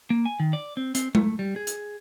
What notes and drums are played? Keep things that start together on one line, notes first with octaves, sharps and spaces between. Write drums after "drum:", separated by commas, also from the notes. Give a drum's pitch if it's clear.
A#3
G#5
D#3
D5
C4
C4, drum: hi-hat
A3, drum: tom G#3
G3
G#4
drum: hi-hat